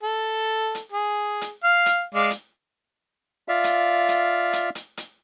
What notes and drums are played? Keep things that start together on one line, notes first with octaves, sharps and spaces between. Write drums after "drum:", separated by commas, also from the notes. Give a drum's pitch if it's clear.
A4
drum: hi-hat
G#4
drum: hi-hat
F5
drum: hi-hat
G#3 D5 F5
drum: hi-hat
F4 D5 E5 F5
drum: hi-hat
drum: hi-hat
drum: hi-hat
drum: hi-hat
drum: hi-hat